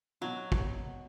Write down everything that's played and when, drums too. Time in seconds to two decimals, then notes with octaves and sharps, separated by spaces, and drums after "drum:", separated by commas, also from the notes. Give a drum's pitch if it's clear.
0.21 B2 F#3
0.52 drum: kick